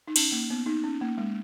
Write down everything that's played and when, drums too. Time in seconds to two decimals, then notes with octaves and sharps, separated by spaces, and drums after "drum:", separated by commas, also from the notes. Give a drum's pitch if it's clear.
0.08 D#4
0.16 C#4, drum: cymbal
0.32 A#3
0.50 B3
0.66 D#4
0.84 C#4
1.01 A#3
1.18 G#3